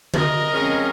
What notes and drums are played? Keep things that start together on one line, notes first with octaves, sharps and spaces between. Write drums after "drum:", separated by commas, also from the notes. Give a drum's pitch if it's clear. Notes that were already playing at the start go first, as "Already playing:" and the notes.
A#4 D#5, drum: tom D3
F2 G#3 C#4